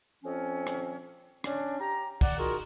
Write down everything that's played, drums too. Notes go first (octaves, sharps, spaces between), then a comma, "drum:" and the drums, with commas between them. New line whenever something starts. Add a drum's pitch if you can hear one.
F2 F3 C4 C#4
drum: rim click
C#4 D4, drum: rim click
G4 A#5
D5 F#5, drum: kick, open hi-hat
D#3 F4 F#4 G#4 A#4